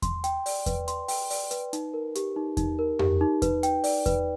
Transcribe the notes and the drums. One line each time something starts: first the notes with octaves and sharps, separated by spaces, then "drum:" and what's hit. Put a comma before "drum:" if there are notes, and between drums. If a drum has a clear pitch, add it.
C6, drum: kick E2, hi-hat
G5, drum: hi-hat
D5, drum: open hi-hat
B4, drum: kick E2, hi-hat
C6, drum: hi-hat
G5, drum: open hi-hat
D5, drum: open hi-hat
B4, drum: hi-hat
D#4, drum: hi-hat
A#4
G4, drum: hi-hat
D#4
D#4, drum: kick E2, hi-hat
A#4
G4, drum: tom F2
D#4
B4, drum: kick E2, hi-hat
G5, drum: hi-hat
D5, drum: open hi-hat
B4, drum: kick E2, hi-hat